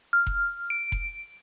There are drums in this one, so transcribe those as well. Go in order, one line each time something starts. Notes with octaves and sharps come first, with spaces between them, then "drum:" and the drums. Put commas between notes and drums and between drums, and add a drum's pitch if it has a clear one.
F6
drum: kick F1
D7
drum: kick F1